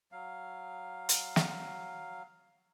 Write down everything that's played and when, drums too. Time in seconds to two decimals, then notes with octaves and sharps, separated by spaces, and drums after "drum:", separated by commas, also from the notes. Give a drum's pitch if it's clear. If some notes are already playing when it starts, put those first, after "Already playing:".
0.12 F#3 F5
1.09 drum: hi-hat
1.36 drum: snare